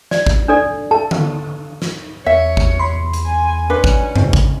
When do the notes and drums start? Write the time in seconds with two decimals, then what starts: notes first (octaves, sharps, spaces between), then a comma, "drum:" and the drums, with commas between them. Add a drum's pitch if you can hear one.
0.11 D5, drum: snare
0.27 drum: kick
0.48 D4 A4 D5
0.91 A4 A5
1.11 drum: tom D3
1.82 drum: snare
2.26 E2 C#5 E5
2.57 drum: kick
2.79 B5 C6
3.13 drum: hi-hat
3.26 G#5
3.70 C#4 D4 B4
3.84 drum: kick
4.16 C#3 C4, drum: tom F2
4.33 drum: kick